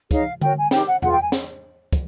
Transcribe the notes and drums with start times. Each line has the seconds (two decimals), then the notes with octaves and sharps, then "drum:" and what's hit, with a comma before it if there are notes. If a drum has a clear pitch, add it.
0.11 D#4 G#4 C#5 F5, drum: kick, hi-hat
0.41 F#4 A#4 C#5 G5, drum: tom D3
0.57 G#5
0.71 D#4 G4 A#4 G5, drum: snare
0.87 F#5
1.02 F4 G#4 B4 F#5, drum: tom E2
1.12 G5
1.21 G#5
1.32 drum: snare
1.93 drum: kick, hi-hat